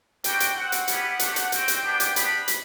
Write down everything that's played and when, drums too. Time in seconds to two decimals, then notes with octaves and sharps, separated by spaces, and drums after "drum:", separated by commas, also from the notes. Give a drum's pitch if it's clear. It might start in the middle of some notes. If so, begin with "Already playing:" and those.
0.24 G3 D4 F#4 G5, drum: hi-hat
0.40 drum: hi-hat
0.56 C4 F#4 F#5
0.72 drum: hi-hat
0.88 G3 B3 E4 G4, drum: hi-hat
1.19 A3 D4 G4, drum: hi-hat
1.36 drum: hi-hat
1.52 C4 F#4 G5, drum: hi-hat
1.68 drum: hi-hat
1.84 B3 D4 G4
2.00 drum: hi-hat
2.16 B3 D4 G4 B5, drum: hi-hat
2.48 drum: hi-hat